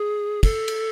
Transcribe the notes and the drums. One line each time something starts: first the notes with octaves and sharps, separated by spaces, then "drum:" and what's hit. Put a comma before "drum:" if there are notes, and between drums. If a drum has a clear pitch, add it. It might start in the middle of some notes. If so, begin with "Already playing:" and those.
Already playing: G#4
A4, drum: kick, cymbal
drum: cymbal